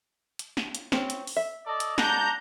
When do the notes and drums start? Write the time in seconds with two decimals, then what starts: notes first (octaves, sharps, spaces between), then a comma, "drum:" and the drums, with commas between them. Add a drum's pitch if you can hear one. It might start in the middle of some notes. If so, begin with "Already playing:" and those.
0.39 drum: hi-hat
0.57 drum: snare
0.75 drum: hi-hat
0.92 C4 C#4, drum: snare
1.10 drum: hi-hat
1.27 drum: open hi-hat
1.36 E5
1.66 A4 D5 D#5
1.80 drum: hi-hat
1.98 G#3 D5 F#5 A5 A#5 G6, drum: snare